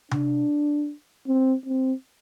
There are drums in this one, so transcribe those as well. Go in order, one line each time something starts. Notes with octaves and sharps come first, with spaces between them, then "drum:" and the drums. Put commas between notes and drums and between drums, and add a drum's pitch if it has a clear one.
D4, drum: tom C3
C4
C4